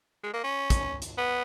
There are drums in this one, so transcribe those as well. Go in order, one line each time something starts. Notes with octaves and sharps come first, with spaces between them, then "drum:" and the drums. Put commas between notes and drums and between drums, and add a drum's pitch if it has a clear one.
G#3
A#3
C#4
drum: kick, hi-hat
drum: hi-hat
B3